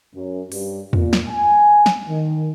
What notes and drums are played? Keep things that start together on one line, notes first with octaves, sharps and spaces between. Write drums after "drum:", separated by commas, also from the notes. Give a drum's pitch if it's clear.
F#2
G2, drum: open hi-hat
A#2, drum: tom E2
drum: snare
G#5
drum: snare
D#3